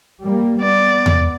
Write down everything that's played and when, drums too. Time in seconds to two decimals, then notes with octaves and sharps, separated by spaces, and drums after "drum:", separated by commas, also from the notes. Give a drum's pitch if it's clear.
0.22 G3 A#3
0.62 B3 D5
1.06 drum: tom E2